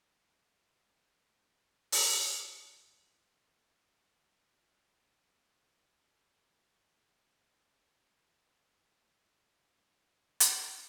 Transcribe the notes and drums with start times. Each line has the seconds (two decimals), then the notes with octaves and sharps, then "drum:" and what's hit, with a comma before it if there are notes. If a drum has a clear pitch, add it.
1.54 G#4
1.92 drum: open hi-hat
3.07 C3
4.39 F2
4.65 B3
7.74 F5
7.93 C5
8.05 G#4
8.24 B4
8.61 G4
9.75 A3
10.40 drum: hi-hat